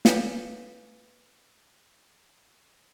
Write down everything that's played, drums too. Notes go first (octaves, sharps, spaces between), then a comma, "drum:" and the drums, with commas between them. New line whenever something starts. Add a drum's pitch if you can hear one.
A4 B4 C#5 F5 G#5 D6, drum: snare